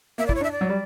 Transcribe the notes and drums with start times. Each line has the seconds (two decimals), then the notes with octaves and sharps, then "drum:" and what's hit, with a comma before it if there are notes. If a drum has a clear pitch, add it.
0.18 A#3 E5
0.26 D5
0.29 E4, drum: kick
0.35 C#5
0.41 D4
0.44 E5
0.52 D5
0.61 F#3
0.69 G3